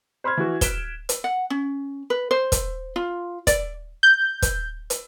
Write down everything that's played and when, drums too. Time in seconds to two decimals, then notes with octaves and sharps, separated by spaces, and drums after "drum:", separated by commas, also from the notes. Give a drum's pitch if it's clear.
0.24 C5 B5 C6 F6 G#6
0.37 E3 F#4
0.61 F#6 B6 D7 E7 G7, drum: kick, hi-hat
1.09 drum: hi-hat
1.24 F#5
1.50 C#4
2.10 B4
2.31 C5
2.52 drum: kick, hi-hat
2.96 F4
3.47 D5, drum: kick, hi-hat
4.03 G6
4.42 drum: kick, hi-hat
4.90 drum: hi-hat